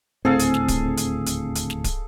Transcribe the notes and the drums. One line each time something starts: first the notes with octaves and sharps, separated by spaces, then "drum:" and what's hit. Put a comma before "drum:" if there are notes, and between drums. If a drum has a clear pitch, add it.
D#1 D2 A2 C4 G#4 A4 F5
drum: hi-hat
drum: snare
drum: kick D1, hi-hat
drum: hi-hat
drum: hi-hat
drum: hi-hat
drum: snare
drum: kick D1, hi-hat